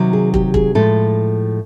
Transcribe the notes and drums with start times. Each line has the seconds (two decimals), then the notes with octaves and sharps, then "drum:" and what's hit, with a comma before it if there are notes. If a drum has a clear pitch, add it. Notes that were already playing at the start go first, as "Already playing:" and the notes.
Already playing: C3 D#3 F#3
0.13 G#4
0.34 G4, drum: kick
0.54 G#4, drum: kick
0.75 A2 F3 G#3 A4